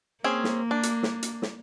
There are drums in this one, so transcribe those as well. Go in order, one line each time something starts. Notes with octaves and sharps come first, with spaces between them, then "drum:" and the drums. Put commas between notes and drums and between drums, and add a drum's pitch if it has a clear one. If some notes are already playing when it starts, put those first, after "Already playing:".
A#3 C4 C#4 G#4
drum: snare
D4
drum: hi-hat
drum: snare
drum: hi-hat
drum: snare